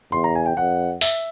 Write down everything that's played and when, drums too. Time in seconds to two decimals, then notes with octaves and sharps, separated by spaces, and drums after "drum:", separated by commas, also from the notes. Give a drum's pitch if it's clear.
0.12 E2 C6
0.24 A#5
0.35 G#5
0.46 G5
0.57 F2 F#5
1.01 E5, drum: open hi-hat